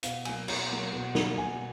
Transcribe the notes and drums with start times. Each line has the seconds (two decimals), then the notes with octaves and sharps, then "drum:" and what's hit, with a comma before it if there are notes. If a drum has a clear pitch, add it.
0.03 B2 F5, drum: hi-hat
0.25 F#3 A#3 G#5, drum: cymbal
0.48 B2 A#5, drum: cymbal
0.71 F#3 A#3
0.93 B2
1.15 F#3 A#3, drum: snare
1.38 B2 G#5